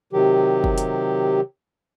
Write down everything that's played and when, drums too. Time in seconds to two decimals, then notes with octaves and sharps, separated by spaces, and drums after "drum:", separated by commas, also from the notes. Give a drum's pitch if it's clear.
0.13 C3 D#3 F#3 G4
0.64 drum: kick
0.78 drum: hi-hat